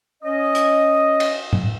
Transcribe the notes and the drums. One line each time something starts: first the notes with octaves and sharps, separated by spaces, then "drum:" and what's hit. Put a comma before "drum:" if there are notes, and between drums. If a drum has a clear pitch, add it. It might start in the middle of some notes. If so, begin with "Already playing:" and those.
C#4 D#5
drum: hi-hat
drum: cymbal
drum: tom A2